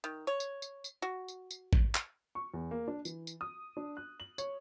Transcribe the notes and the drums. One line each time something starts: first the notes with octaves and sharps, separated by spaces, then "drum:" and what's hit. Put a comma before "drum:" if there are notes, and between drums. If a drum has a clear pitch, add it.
D#3
C#5
drum: tambourine
drum: tambourine
drum: tambourine
F#4
drum: tambourine
drum: tambourine
drum: kick
drum: clap
C#6
E2
A#3
D4
E3, drum: tambourine
drum: tambourine
D#6
D4
F#6
F#7
C#5, drum: tambourine